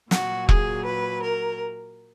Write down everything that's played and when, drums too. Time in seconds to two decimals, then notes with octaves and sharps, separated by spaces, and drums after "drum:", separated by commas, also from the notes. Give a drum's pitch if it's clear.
0.11 A#2 F#3 F#4, drum: snare
0.49 G#4, drum: kick E1
0.85 B4
1.23 A#4